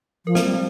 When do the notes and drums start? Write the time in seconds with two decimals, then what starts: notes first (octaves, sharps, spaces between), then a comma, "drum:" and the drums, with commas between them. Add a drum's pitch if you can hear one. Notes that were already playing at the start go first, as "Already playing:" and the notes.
0.26 F3 A#4
0.35 C4 C5, drum: snare
0.44 G3